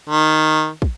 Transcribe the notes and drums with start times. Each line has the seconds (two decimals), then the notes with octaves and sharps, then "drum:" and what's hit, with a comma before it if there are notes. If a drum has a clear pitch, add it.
0.09 D#3
0.82 drum: kick